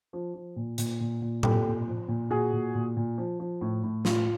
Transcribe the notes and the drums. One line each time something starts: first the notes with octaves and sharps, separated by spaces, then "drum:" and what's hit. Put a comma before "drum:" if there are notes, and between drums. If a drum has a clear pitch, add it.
F3
F3
A#2
A#2, drum: hi-hat
A#2
A#2
A#2 G4 A4, drum: tom A2
A#2
F3
A#2
A#2 F#4 G#4
A#2
A#2
A#2
F3
F3
A2
A2
A2 F4, drum: snare